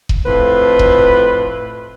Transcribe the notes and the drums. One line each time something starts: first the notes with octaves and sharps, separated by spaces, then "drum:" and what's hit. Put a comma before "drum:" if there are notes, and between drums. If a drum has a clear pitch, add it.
drum: kick E1
F2 A2 B4 C5
drum: kick E1